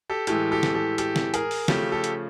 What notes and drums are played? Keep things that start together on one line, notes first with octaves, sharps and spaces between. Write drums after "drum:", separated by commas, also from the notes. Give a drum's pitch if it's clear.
G4 A4
A2 E3 G#3 G4 A4, drum: hi-hat
G4 A4
drum: snare
G4 A4
G4 A4, drum: hi-hat
drum: snare
G#4 A#4, drum: hi-hat
drum: open hi-hat
C#3 F3 A3 G4 A4, drum: snare
G4 A4
drum: hi-hat